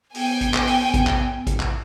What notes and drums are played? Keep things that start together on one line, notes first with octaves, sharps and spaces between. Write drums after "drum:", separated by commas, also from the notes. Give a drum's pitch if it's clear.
B3 G5 G#5, drum: open hi-hat
drum: kick A1, hi-hat
drum: clap
drum: open hi-hat
drum: kick A1, hi-hat
drum: clap
drum: kick A1, hi-hat
drum: clap